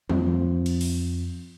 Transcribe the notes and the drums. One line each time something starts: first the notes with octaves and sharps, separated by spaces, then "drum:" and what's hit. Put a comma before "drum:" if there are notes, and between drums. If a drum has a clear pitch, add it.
F2 F3 C4, drum: tom
drum: cymbal
drum: open hi-hat